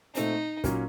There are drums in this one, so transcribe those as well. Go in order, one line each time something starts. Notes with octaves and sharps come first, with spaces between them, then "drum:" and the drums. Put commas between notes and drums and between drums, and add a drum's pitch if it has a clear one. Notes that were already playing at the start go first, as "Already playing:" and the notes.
A#2 A3 C4 D#4, drum: hi-hat
A#2 F#3 A#3 C#4, drum: kick, hi-hat